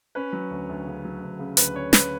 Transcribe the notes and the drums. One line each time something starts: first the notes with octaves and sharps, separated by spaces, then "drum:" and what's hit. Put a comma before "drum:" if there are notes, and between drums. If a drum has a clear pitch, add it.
C#4 B4
F#3
D2
D2
C#3
F#3
D2
C#3
D2 B4, drum: hi-hat
C#4 C#5
C#3 B4, drum: snare